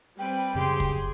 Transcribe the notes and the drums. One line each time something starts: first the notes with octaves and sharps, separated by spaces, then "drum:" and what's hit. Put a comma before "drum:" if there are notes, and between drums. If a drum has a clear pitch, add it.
G3 C4 B4 G5
F#2 C#3 F#3 G4 G#4 C6
drum: kick